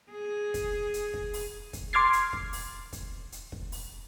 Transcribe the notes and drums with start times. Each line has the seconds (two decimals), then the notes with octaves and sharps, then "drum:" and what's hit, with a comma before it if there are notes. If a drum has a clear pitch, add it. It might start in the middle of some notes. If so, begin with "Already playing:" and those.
0.11 G#4
0.54 drum: kick, hi-hat
0.94 drum: hi-hat
1.14 drum: kick
1.33 drum: open hi-hat
1.73 drum: kick, hi-hat
1.93 C6 D6 F6 G#6 A6 C7
2.13 drum: hi-hat
2.33 drum: kick
2.53 drum: open hi-hat
2.93 drum: kick, hi-hat
3.32 drum: hi-hat
3.52 drum: kick
3.72 drum: open hi-hat